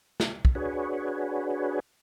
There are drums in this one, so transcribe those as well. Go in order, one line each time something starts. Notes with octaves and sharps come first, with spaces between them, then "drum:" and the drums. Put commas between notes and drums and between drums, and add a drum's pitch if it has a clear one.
drum: snare
drum: kick
D4 F#4 G#4 B4 C#5